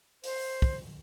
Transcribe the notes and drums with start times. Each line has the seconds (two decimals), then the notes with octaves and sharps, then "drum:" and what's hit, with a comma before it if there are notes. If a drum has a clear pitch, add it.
0.24 C5, drum: open hi-hat
0.62 drum: kick